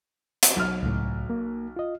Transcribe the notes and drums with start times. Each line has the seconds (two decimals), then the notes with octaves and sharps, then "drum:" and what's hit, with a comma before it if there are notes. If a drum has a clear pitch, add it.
0.43 drum: hi-hat
0.56 B1 F6
0.83 C#2 A2
1.30 A#3
1.76 F4 D#5